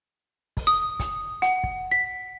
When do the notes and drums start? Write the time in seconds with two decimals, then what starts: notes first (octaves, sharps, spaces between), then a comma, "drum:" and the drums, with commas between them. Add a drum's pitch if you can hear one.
0.57 drum: kick, open hi-hat
0.67 D#6
0.99 drum: kick, hi-hat
1.42 F#5, drum: hi-hat
1.64 drum: kick
1.91 B6